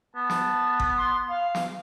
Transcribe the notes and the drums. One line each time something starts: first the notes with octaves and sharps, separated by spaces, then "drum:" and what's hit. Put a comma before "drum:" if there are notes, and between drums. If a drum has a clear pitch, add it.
B3 A5
drum: snare
drum: kick G1
C6
F5
drum: snare